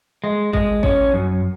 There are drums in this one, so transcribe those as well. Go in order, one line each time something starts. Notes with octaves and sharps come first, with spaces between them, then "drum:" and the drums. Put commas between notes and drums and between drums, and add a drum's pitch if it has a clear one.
G#3
G#3, drum: kick A1
C#4, drum: kick A1
F#2